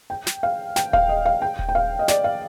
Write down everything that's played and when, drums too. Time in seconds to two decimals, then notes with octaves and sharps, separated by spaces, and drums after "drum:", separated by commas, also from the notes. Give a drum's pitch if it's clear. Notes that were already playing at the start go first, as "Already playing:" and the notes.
0.10 G5
0.27 drum: snare
0.43 F5
0.76 G5, drum: snare
0.93 F5, drum: kick D#1
1.09 D#5
1.26 F5
1.42 G5
1.59 drum: kick D#1
1.69 G5
1.75 F5
1.99 D#5
2.08 D5, drum: snare
2.24 F5